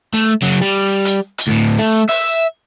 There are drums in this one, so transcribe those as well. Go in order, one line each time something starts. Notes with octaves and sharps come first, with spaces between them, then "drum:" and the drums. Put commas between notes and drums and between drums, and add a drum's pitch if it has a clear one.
A3
C#3 F#3
G3
drum: hi-hat
drum: hi-hat
D2 A2
A3
E5, drum: open hi-hat